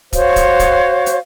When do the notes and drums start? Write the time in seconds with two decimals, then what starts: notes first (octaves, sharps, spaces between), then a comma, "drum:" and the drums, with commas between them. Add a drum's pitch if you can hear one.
0.13 F#4 C5 C#5 F5, drum: kick, hi-hat
0.36 drum: kick, hi-hat
0.59 drum: kick, hi-hat
1.06 drum: hi-hat